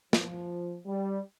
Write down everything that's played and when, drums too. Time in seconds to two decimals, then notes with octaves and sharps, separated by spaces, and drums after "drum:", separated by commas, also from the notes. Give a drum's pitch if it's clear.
0.13 F3, drum: snare
0.86 G3